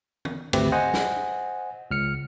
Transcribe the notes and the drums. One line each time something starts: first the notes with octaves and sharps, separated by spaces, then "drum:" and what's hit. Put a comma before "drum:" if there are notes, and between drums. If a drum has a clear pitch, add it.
drum: tom
G#1 D2 A3 C4 G4 B4, drum: cymbal
C5 D#5 F#5 G#5
drum: snare
C#2 F6 C#7